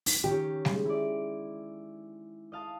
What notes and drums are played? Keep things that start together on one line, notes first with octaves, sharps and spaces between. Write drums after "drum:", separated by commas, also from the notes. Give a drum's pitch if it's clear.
drum: open hi-hat
D#3 C#4 G4
G#3, drum: snare G3
E4 D5
D#5 F5 A5